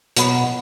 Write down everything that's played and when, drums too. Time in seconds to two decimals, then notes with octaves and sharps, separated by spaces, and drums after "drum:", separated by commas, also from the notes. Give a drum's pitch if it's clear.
0.16 B2 F#3 B3 F#4 B4, drum: hi-hat